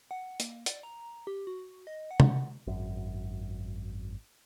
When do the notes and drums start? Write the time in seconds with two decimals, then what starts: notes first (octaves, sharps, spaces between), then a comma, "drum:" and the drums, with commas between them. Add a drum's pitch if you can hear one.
0.11 F#5
0.40 A#3, drum: hi-hat
0.66 D5, drum: hi-hat
0.83 A#5
1.27 G4
1.47 F#4
1.87 D#5
2.11 F#5
2.20 drum: tom
2.67 G#1 F#2